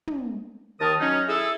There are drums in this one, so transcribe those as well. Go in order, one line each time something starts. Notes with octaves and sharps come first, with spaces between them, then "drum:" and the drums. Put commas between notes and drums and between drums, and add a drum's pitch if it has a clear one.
drum: tom
D#2 D#3 A#4 A5 D#6
F#3 C#4 D#4
E4 G#4 A4 E6